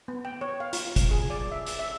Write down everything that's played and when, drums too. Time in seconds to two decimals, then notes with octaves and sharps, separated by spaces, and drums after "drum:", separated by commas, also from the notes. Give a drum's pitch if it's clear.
0.08 B3
0.25 G5
0.41 C#5
0.60 F5
0.73 F4, drum: hi-hat
0.96 drum: kick, hi-hat
1.11 G#4
1.30 D5
1.52 E5
1.67 drum: hi-hat
1.79 E5